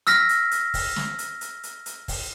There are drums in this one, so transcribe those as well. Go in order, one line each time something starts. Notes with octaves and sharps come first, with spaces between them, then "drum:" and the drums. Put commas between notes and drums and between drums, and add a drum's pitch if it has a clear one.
E6 F6 A#6 B6, drum: hi-hat
drum: hi-hat
drum: hi-hat
drum: kick, open hi-hat
drum: snare
drum: hi-hat
drum: hi-hat
drum: hi-hat
drum: hi-hat
drum: kick, open hi-hat